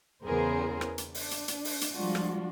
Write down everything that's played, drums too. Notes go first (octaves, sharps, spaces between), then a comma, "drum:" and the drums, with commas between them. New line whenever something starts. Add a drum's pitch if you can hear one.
E2 C#3 B3 G#4 A#4 C5
drum: rim click
drum: hi-hat
D4, drum: open hi-hat
drum: hi-hat
drum: hi-hat
drum: open hi-hat
drum: hi-hat
F3 G3 G#3 D4 F4 F#4
drum: rim click